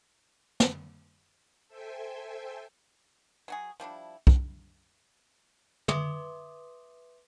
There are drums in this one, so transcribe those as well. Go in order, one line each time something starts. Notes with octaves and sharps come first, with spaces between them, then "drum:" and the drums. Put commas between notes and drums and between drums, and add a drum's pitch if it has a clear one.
drum: snare
A4 C5 E5 G5 G#5
F#3 F#4 G#4
F3 G3 D4 E4
drum: kick
B4 E5 C6 D6 D#6, drum: tom